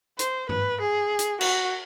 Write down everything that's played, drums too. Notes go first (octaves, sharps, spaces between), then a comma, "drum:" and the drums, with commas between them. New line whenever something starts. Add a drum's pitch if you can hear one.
C5, drum: hi-hat
B4, drum: tom G2
G#4
drum: hi-hat
F#4, drum: cymbal